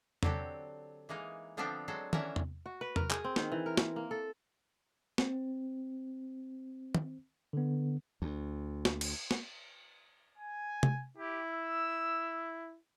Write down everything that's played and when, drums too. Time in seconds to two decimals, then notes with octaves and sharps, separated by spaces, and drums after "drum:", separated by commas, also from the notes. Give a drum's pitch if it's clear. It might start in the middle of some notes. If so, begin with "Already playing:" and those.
0.23 D3 F#3 C4 G4 A4, drum: tom E2
1.09 E3 G#3 A#3 D#4
1.57 D3 F3 B3 C4 D4 A4
1.88 F#3 G#3 A4 C5
2.13 D3 E3 C#4 A#4 E5 A5, drum: tom
2.36 drum: tom E2
2.66 F#4
2.81 B4
2.96 A#4, drum: tom E2
3.11 G#4, drum: clap
3.24 C4
3.36 D#3, drum: snare
3.52 E3
3.66 A#4
3.77 drum: snare
3.96 A#3
4.11 A4
5.18 C4, drum: snare
6.95 drum: tom
7.53 D3 B3
8.22 D2
8.85 drum: snare
9.01 drum: cymbal
9.31 drum: snare
10.38 G#5
10.83 drum: tom
11.18 E4 G4
11.51 E6